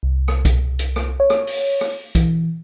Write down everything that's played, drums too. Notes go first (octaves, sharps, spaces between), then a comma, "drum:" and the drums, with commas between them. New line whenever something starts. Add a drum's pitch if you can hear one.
C2
drum: rim click
drum: kick, hi-hat
drum: hi-hat
drum: rim click
C#5
drum: rim click
drum: open hi-hat
drum: rim click
E3, drum: kick, hi-hat